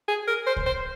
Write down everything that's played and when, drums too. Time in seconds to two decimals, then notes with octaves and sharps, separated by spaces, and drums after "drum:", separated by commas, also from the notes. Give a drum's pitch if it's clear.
0.08 G#4
0.28 A#4
0.47 C5
0.56 drum: kick C2
0.66 C5